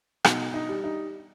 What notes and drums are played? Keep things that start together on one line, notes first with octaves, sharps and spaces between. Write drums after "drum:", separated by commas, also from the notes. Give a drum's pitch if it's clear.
B2 D#4, drum: rim click
D#4
G3
D#4